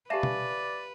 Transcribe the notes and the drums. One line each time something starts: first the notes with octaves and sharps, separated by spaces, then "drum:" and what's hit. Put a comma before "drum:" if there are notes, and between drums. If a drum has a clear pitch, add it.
G4 B4 D5 E5 F5 G#5 A5
drum: tom B2